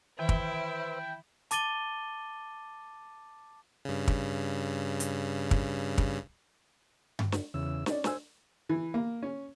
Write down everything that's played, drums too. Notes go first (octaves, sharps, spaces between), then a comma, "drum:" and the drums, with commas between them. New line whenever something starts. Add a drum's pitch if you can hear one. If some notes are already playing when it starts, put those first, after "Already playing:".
D#3 E3 E4 B4 C5 E5 G5
drum: kick
A5 D6 A6 D#7 G7, drum: hi-hat
G2 C#3
drum: kick
drum: hi-hat
drum: kick
drum: kick
drum: tom G2
drum: snare
E2 C#3 E6
C#4 D#4 D5, drum: snare
C5 G#5 E6, drum: snare
E3
A#3
C#4